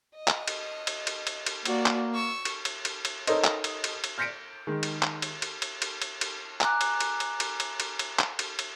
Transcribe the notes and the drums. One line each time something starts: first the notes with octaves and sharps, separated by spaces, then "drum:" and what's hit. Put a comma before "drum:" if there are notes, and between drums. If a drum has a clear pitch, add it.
D#5
drum: clap
drum: cymbal
drum: cymbal
drum: cymbal
drum: cymbal
drum: cymbal
A#3 F#4 D5, drum: cymbal
drum: clap
C#6 E6
drum: cymbal
drum: cymbal
drum: cymbal
drum: cymbal
D#4 A4 A#4 C5 C#5 D#5, drum: cymbal
drum: clap
drum: cymbal
drum: cymbal
drum: cymbal
F6 G6 A#6 B6 C#7 D7
D#3 G#3
drum: cymbal
drum: clap
drum: cymbal
drum: cymbal
drum: cymbal
drum: cymbal
drum: cymbal
drum: cymbal
G#5 A#5 D6 F#6, drum: clap
drum: cymbal
drum: cymbal
drum: cymbal
drum: cymbal
drum: cymbal
drum: cymbal
drum: cymbal
drum: clap
drum: cymbal
drum: cymbal